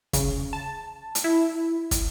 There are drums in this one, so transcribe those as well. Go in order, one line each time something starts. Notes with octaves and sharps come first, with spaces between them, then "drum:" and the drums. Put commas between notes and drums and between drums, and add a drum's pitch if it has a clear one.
C#3, drum: kick, hi-hat
A5
drum: hi-hat
E4
drum: kick, hi-hat